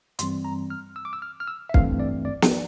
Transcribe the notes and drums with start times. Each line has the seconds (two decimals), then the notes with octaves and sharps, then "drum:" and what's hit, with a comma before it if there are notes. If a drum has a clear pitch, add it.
0.19 G2 E3 G3 C4 C6, drum: hi-hat
0.45 A#5
0.70 F6
0.96 E6
1.05 D6
1.13 E6
1.22 F6
1.40 F6
1.48 E6
1.69 E5
1.74 G2 E3 A3 C4 F5, drum: kick
2.00 D5
2.25 D5
2.42 drum: snare
2.52 D5